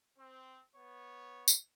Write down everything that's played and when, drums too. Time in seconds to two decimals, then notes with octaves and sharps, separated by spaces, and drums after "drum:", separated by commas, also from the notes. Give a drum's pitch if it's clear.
0.18 C4
0.76 B3 C#5
1.48 drum: tambourine